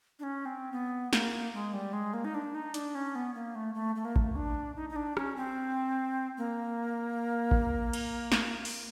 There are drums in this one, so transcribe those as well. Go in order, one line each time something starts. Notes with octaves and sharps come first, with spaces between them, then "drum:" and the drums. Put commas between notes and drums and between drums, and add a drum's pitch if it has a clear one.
D4
C#4
C4
B3
A#3, drum: snare
G#3
G3
G#3
A#3
D#4
D4
D#4
D4, drum: hi-hat
C#4
B3
A#3
A3
A3
A3
A#3
A3, drum: kick A1
D4
D#4
D#4
D4
C#4, drum: rim click
C4
A#3
drum: kick A1
drum: cymbal
drum: snare
drum: open hi-hat